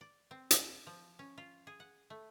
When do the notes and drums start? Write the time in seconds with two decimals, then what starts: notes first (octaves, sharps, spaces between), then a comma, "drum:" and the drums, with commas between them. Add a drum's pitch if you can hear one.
0.01 D5
0.31 C4
0.51 C5, drum: hi-hat
0.87 F3
1.19 C#4
1.38 F4
1.67 G#4
1.80 F#5
2.10 A3